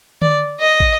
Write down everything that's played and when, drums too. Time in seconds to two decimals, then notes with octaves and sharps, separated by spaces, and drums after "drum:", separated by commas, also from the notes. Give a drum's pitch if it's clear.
0.22 D5, drum: tom D3
0.60 D#5
0.80 drum: kick